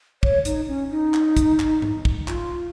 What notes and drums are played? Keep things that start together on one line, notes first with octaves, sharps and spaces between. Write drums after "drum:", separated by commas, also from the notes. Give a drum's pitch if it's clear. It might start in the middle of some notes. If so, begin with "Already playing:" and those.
C#5, drum: kick
D#4, drum: hi-hat
C#4
D#4
drum: clap
drum: kick, hi-hat
drum: clap
drum: tom G#2
drum: kick
F4, drum: clap